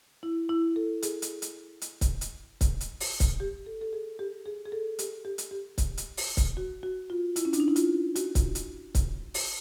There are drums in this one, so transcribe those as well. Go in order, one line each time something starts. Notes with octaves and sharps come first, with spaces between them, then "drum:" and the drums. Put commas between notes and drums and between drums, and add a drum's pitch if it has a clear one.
E4
E4
A4
G#4, drum: hi-hat
drum: hi-hat
drum: hi-hat
drum: hi-hat
drum: kick C#1, hi-hat
drum: hi-hat
drum: kick C#1, hi-hat
drum: hi-hat
drum: open hi-hat
drum: kick C#1, hi-hat
G4
A4
A4
G#4
G4
G#4
G#4
A4
G4, drum: hi-hat
G4
drum: hi-hat
G4
drum: kick C#1, hi-hat
drum: hi-hat
drum: open hi-hat
drum: kick C#1, hi-hat
F#4
F#4
F4
E4, drum: hi-hat
C#4
D4, drum: hi-hat
D#4
E4
F4, drum: hi-hat
F#4, drum: hi-hat
drum: kick C#1, hi-hat
drum: hi-hat
drum: kick C#1, hi-hat
drum: open hi-hat